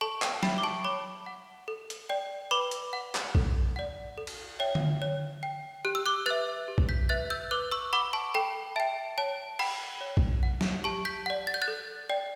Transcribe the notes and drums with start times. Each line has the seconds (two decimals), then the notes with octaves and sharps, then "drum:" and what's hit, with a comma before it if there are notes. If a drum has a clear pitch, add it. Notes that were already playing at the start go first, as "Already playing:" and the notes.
0.01 A4 A5 C#6
0.22 G5, drum: clap
0.43 E5 G5 B5, drum: snare
0.58 D6
0.63 A5 C#6
0.84 C#5 B5 D6
1.26 F#5
1.68 A4
1.90 drum: hi-hat
2.09 D5 G5
2.51 B4 B5 D6
2.71 drum: hi-hat
2.93 F#5
3.15 drum: clap
3.35 A4, drum: kick A#1
3.76 D5 F#5
4.18 A4
4.27 drum: cymbal
4.59 C#5 E5 G5
4.75 drum: tom D3
5.02 C#5
5.43 G5
5.85 G4 F#6
5.95 E6
6.06 D6 F#6
6.26 B4 E5 F#6 A6
6.68 G4
6.78 drum: kick A#1
6.89 G6 B6
7.09 B4 E5 F#6 A6
7.30 E6 G6
7.51 B4 D6 F#6
7.71 C#6 E6
7.93 F#5 B5 D6
8.13 A5 C#6
8.34 A4 G5 B5
8.76 E5 G5 A5
9.18 C#5 A5
9.59 F#5 G5 B5, drum: cymbal
10.01 C#5
10.17 drum: kick A#1
10.43 F#5
10.61 drum: snare
10.84 G4 A5 C#6
11.05 G6 B6
11.26 D5 F#5
11.47 A6
11.54 G6
11.62 F#6 A6
11.68 A4
12.10 D5 G5